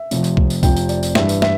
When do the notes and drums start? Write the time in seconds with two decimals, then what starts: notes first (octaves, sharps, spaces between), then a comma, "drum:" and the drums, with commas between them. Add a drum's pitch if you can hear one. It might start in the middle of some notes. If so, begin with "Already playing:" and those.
Already playing: E5
0.11 F1 F2 C3 F3, drum: tambourine
0.24 drum: tambourine
0.37 drum: kick C2
0.50 drum: tambourine
0.63 F1 F2 C3 F3 G5, drum: kick C2, tambourine
0.76 drum: tambourine
0.89 D5, drum: tambourine
1.03 drum: tambourine
1.15 G2 E3 G3 E5, drum: snare
1.29 drum: tambourine
1.42 E5, drum: snare